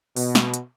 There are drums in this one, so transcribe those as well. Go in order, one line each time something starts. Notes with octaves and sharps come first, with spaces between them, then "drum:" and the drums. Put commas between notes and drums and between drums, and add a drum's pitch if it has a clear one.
B2, drum: open hi-hat
drum: snare
drum: hi-hat